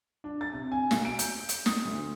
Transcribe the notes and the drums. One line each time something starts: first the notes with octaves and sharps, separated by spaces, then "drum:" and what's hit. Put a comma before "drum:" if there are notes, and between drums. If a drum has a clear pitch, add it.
D4
A6
C3
G#5
B1, drum: snare
D7
G6, drum: hi-hat
drum: hi-hat
D#6, drum: snare
D2